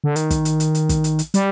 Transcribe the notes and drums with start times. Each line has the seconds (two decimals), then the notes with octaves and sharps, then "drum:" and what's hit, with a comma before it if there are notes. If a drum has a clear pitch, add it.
0.04 D3
0.16 D#3, drum: hi-hat
0.30 drum: kick, hi-hat
0.45 drum: hi-hat
0.60 drum: hi-hat
0.75 drum: hi-hat
0.89 drum: kick, hi-hat
1.04 drum: hi-hat
1.19 drum: hi-hat
1.34 G3, drum: hi-hat